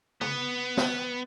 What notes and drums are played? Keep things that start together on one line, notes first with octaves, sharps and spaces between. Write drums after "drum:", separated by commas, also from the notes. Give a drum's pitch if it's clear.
B3, drum: tom
drum: snare